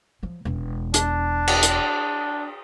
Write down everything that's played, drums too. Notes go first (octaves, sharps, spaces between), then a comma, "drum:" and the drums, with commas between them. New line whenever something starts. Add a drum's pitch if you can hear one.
F3 F#3
E1 E2
D4, drum: hi-hat
drum: cymbal
drum: hi-hat